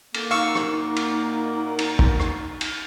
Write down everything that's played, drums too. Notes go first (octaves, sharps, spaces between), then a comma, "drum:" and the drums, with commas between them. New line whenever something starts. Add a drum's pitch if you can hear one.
A#3 A4, drum: cymbal
A#2 D#4 F#4 A#4 F5 C#6 E6
drum: rim click
drum: cymbal
drum: cymbal
drum: kick
drum: rim click
drum: cymbal